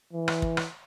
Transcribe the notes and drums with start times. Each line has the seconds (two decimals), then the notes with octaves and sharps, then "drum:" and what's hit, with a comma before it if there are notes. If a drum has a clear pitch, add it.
0.13 E3
0.28 drum: rim click
0.42 drum: kick
0.57 drum: rim click